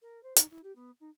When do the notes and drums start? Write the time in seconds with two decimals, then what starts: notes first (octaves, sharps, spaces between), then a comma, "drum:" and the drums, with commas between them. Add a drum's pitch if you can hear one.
0.02 A#4
0.23 C5
0.36 D#4, drum: hi-hat
0.50 E4
0.63 G4
0.75 B3
1.00 D#4